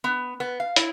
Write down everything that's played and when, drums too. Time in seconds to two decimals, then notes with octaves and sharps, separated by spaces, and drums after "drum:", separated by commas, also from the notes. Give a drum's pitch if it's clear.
0.04 B3
0.40 B3
0.60 F5
0.76 E4, drum: hi-hat